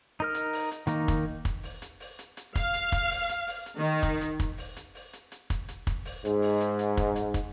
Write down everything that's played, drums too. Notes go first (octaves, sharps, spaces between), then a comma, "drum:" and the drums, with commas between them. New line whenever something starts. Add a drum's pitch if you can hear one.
D#4 A#4 F6
drum: hi-hat
drum: open hi-hat
drum: hi-hat
D#3 A#3 D#4, drum: hi-hat
drum: kick, hi-hat
drum: kick, hi-hat
drum: open hi-hat
drum: hi-hat
drum: open hi-hat
drum: hi-hat
drum: hi-hat
F5, drum: kick, hi-hat
drum: hi-hat
drum: kick, hi-hat
drum: open hi-hat
drum: hi-hat
drum: open hi-hat
drum: hi-hat
D#3
drum: kick, hi-hat
drum: hi-hat
drum: kick, hi-hat
drum: open hi-hat
drum: hi-hat
drum: open hi-hat
drum: hi-hat
drum: hi-hat
drum: kick, hi-hat
drum: hi-hat
drum: kick, hi-hat
drum: open hi-hat
G#2, drum: hi-hat
drum: open hi-hat
drum: hi-hat
drum: hi-hat
drum: kick, hi-hat
drum: hi-hat
drum: kick, hi-hat